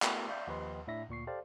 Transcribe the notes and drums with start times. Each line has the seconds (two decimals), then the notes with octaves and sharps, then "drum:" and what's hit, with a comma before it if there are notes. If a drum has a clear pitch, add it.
0.02 A3 B3 E4 F#4 G#4 A#4, drum: clap
0.28 D5 E5 F5 G6
0.47 D#2 F3 G4 B4 D#5 C6
0.87 A2 D4 E4 E5 A#6
1.09 D2 A#2 C#6 C7
1.27 G4 A4 C5 D5 F5